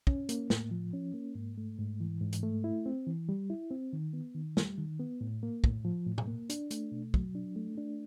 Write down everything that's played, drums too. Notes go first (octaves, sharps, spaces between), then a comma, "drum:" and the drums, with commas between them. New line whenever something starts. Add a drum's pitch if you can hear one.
C#4, drum: kick
A#3, drum: hi-hat
A2, drum: snare
F3
C#4
A#3
G#2
A3
G#2
E3
G#2
drum: hi-hat
A3
E4
C4
E3
G3
E4
C4
D#3
B3
D#3
G3, drum: snare
D#3
B3
A2
A#3
A2, drum: kick
F3
A2
drum: tom A#2
A#3
D4, drum: hi-hat
A3, drum: hi-hat
B2
F#3, drum: kick
D4
A3
D4